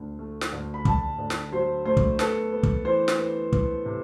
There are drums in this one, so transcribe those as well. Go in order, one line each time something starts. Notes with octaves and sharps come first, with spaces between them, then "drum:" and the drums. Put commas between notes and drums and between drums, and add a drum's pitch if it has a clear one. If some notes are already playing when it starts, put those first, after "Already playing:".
Already playing: D2 D3
A3
drum: snare
D2
B5
D2 A5, drum: kick
D2
drum: snare
F#3 C5
A3 C5
drum: kick
B3 A4, drum: snare
B3
drum: kick
E3 C5
drum: snare
B3
B3, drum: kick
C3